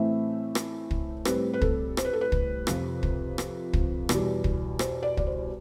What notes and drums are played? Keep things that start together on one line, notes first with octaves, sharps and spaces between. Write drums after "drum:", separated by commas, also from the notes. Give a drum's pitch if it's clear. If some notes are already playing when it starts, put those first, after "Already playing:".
Already playing: A2 E3 A3 C4 E5
drum: rim click
drum: kick
A2 G3 C4 B4, drum: rim click
B4
A4, drum: kick
C5, drum: rim click
B4
A4
B4
drum: kick
F2 C3 F3, drum: rim click
drum: kick
drum: rim click
drum: kick
E2 B2 G3, drum: rim click
drum: kick
C5, drum: rim click
D5
D5, drum: kick
C5